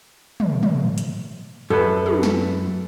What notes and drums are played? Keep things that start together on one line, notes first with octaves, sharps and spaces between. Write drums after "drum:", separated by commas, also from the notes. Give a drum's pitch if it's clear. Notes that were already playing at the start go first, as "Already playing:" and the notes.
drum: tom
drum: tom
drum: hi-hat
F#2 A4 B4
drum: tom
drum: snare